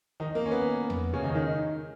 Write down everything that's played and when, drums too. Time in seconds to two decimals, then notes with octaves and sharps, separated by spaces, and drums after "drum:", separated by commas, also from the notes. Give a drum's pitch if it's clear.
0.20 D#3 D#4
0.35 A#3
0.46 C#4
0.51 B3
0.90 drum: tom E2
1.13 C#3 C#4
1.24 D#3 D#4
1.30 C#4
1.34 D#3 D#4